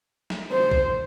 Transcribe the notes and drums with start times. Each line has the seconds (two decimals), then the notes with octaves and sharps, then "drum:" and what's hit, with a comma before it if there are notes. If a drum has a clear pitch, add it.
0.30 drum: snare
0.51 C5
0.71 drum: kick A#1